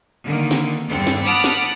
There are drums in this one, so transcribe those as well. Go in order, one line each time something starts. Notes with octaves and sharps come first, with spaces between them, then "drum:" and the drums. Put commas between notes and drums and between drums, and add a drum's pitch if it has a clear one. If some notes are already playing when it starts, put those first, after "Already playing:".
D3 D#3 A#3
drum: snare
E2 G2 D3 C4 C#7
drum: snare
F#5 A5 B5 D6 D#6 F6
drum: snare